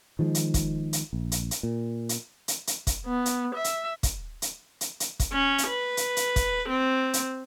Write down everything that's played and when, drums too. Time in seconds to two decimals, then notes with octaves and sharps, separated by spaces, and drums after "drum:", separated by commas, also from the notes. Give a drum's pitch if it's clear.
0.19 D#3 F3 G#3
0.35 drum: hi-hat
0.54 drum: kick, hi-hat
0.93 drum: hi-hat
1.13 A#1
1.32 drum: hi-hat
1.51 drum: hi-hat
1.63 A#2
2.09 drum: hi-hat
2.48 drum: hi-hat
2.67 drum: hi-hat
2.87 drum: kick, hi-hat
3.06 B3
3.26 drum: hi-hat
3.55 E5
3.64 drum: hi-hat
4.03 drum: kick, hi-hat
4.42 drum: hi-hat
4.81 drum: hi-hat
5.00 drum: hi-hat
5.20 drum: kick, hi-hat
5.33 C#4
5.58 drum: hi-hat
5.68 B4
5.97 drum: hi-hat
6.17 drum: hi-hat
6.36 drum: kick, hi-hat
6.70 C4
7.14 drum: hi-hat